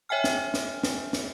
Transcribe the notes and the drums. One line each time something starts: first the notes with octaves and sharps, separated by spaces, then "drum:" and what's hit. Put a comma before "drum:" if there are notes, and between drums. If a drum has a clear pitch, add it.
C#5 E5 G5 G#5 F6
drum: snare
drum: snare
drum: snare
drum: snare